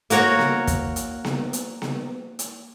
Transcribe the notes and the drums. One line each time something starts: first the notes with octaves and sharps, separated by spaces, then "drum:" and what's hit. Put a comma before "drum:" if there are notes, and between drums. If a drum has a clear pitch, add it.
A#3 F#4 A#4 C#5 F#5, drum: hi-hat
drum: snare B3
drum: kick, hi-hat
drum: hi-hat
drum: snare B3
drum: hi-hat
drum: snare B3
drum: hi-hat